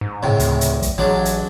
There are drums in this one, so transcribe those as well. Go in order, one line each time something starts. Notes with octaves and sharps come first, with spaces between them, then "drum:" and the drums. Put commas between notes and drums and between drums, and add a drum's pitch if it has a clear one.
G#2
C#2 A2 C3
D2, drum: hi-hat
drum: hi-hat
drum: kick, hi-hat
A1 F#3 G#3 D4
drum: hi-hat